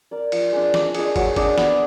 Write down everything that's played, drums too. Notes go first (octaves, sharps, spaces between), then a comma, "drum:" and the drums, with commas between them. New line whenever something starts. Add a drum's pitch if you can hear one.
A#4 D5
F3, drum: cymbal
G#3 D4
D4, drum: snare
G#4 D#5, drum: cymbal
F#3, drum: kick, cymbal
D4 G#4, drum: kick, cymbal
B3, drum: snare